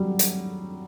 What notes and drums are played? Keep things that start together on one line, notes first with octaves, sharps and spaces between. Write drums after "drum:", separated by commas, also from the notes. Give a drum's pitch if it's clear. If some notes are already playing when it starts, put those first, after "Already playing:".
Already playing: F#3 G3
drum: hi-hat